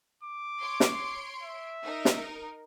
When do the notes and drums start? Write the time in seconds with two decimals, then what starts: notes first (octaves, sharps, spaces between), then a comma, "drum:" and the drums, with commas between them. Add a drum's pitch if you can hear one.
0.23 D6
0.60 C#5 C6 D7
0.80 drum: snare
1.43 E5
1.82 D#4 A#4
2.05 drum: snare